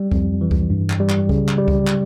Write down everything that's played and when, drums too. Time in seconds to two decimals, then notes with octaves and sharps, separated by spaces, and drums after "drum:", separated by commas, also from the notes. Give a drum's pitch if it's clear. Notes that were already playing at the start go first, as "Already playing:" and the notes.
Already playing: G3
0.12 F2, drum: kick C#2
0.41 E3
0.51 drum: kick C#2
0.70 G2
0.90 drum: clap
1.00 G3
1.09 drum: clap
1.29 C#3, drum: kick C#2
1.48 drum: clap
1.58 G3
1.68 drum: kick C#2
1.87 drum: clap